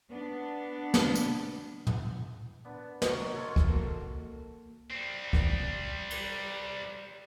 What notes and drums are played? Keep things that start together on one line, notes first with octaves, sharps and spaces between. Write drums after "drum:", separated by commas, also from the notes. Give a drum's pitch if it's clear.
B3 D4
drum: snare
drum: tambourine
drum: tom
B3 D4
D#3 F#3, drum: snare
A3 F4 A4 C#5
drum: kick
A#3 F#4 A4
G3 C4
drum: kick
drum: cymbal